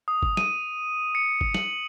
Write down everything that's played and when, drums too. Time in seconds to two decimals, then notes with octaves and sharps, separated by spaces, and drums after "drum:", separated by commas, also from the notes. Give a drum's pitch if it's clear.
0.08 D#6
0.23 drum: kick G1
0.37 D#7, drum: snare
1.15 C#7
1.41 drum: kick G1
1.54 F#7, drum: snare